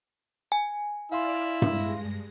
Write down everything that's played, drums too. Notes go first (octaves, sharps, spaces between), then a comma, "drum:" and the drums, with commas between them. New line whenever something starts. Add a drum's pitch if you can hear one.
G#5
E4 D5 F5 C6 F6
G2 G#3 A#6, drum: tom G2